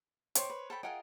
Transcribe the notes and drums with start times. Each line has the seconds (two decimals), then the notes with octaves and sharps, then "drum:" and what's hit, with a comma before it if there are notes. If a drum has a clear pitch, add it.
0.35 C5 C#5 G5 C6 D6, drum: hi-hat
0.50 B4
0.70 A4 G5 B5
0.83 F4 G#4 A#4 D#5 F#5 G5